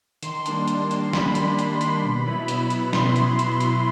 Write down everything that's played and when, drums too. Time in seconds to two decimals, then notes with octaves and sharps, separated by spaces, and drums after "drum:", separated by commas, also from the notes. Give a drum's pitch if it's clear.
0.23 D#3 C6, drum: hi-hat
0.46 G3 A#3 D4, drum: hi-hat
0.68 D#3, drum: hi-hat
0.91 G3 A#3 D4, drum: hi-hat
1.13 D#3 B5, drum: snare
1.35 G3 A#3 D4, drum: hi-hat
1.59 D#3, drum: hi-hat
1.81 G3 A#3 D4, drum: hi-hat
2.04 B2
2.25 F#3 B3 E4
2.48 B2, drum: hi-hat
2.70 F#3 B3 E4, drum: hi-hat
2.93 B2 C6, drum: snare
3.16 F#3 B3 E4, drum: hi-hat
3.39 B2, drum: hi-hat
3.60 F#3 B3 E4, drum: hi-hat